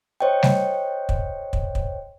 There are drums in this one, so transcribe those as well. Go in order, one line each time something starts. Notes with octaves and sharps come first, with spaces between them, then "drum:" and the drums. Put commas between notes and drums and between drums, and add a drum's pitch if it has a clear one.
C5 C#5 D#5 G5
drum: snare G3
drum: kick
drum: kick
drum: kick